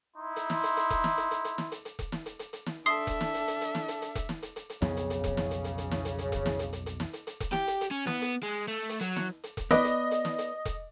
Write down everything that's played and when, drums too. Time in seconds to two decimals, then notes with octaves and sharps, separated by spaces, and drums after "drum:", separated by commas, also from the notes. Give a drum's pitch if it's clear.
0.17 D#4 E4 C6
0.36 drum: hi-hat
0.50 drum: snare
0.63 drum: hi-hat
0.77 drum: hi-hat
0.90 drum: kick E1, hi-hat
1.04 drum: snare
1.17 drum: hi-hat
1.31 drum: hi-hat
1.45 drum: hi-hat
1.58 drum: snare
1.72 drum: hi-hat
1.85 drum: hi-hat
1.99 drum: kick E1, hi-hat
2.12 drum: snare
2.26 drum: hi-hat
2.39 drum: hi-hat
2.53 drum: hi-hat
2.66 drum: snare
2.86 D4 A4 E5 C6 D#6 C7
3.07 drum: kick E1, hi-hat
3.21 drum: snare
3.34 drum: hi-hat
3.48 drum: hi-hat
3.61 drum: hi-hat
3.75 drum: snare
3.88 drum: hi-hat
4.02 drum: hi-hat
4.15 drum: kick E1, hi-hat
4.29 drum: snare
4.42 drum: hi-hat
4.56 drum: hi-hat
4.70 drum: hi-hat
4.82 B1 F2 C#3 B3, drum: snare
4.97 drum: hi-hat
5.10 drum: hi-hat
5.24 drum: kick E1, hi-hat
5.37 drum: snare
5.51 drum: hi-hat
5.64 drum: hi-hat
5.78 drum: hi-hat
5.91 drum: snare
6.05 drum: hi-hat
6.19 drum: hi-hat
6.32 drum: kick E1, hi-hat
6.46 drum: snare
6.59 drum: hi-hat
6.73 drum: hi-hat
6.86 drum: hi-hat
7.00 drum: snare
7.13 drum: hi-hat
7.27 drum: hi-hat
7.40 drum: kick E1, hi-hat
7.53 G4, drum: snare
7.67 drum: hi-hat
7.81 drum: hi-hat
7.91 C#4
8.07 B3, drum: snare
8.22 drum: hi-hat
8.43 G#3
8.68 A3
8.89 drum: hi-hat
9.01 F#3, drum: hi-hat
9.16 drum: snare
9.44 drum: hi-hat
9.57 drum: kick E1, hi-hat
9.71 B3 B4 D5 D#5, drum: snare
9.84 drum: hi-hat
10.11 drum: hi-hat
10.25 drum: snare
10.38 drum: hi-hat
10.65 drum: kick E1, hi-hat